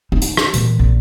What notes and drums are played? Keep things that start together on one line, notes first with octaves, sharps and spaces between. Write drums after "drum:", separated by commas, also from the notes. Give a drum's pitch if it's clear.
D#4
drum: hi-hat
drum: rim click
A#2 E3, drum: hi-hat
A#1